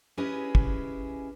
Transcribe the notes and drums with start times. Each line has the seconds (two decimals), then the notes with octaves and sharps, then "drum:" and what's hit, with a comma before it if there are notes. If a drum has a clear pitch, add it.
0.17 C#4 E4 G4 G#4 B4 D#5
0.55 drum: kick